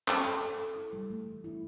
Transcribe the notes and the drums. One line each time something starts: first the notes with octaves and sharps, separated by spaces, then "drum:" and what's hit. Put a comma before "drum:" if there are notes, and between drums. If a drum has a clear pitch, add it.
A4, drum: clap
A4
A4
A4
E4
G3
A3
E3
E4